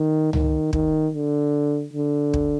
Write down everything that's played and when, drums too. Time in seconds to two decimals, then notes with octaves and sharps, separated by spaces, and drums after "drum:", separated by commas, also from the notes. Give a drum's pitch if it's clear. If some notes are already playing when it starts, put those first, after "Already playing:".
Already playing: D#3
0.33 D#3, drum: tom C#2
0.73 D#3, drum: kick
1.14 D3
1.93 D3
2.34 drum: kick